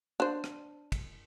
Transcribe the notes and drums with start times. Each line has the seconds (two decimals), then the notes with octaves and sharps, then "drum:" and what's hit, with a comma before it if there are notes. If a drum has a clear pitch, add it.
0.20 D4 C5
0.44 drum: rim click
0.92 drum: kick, cymbal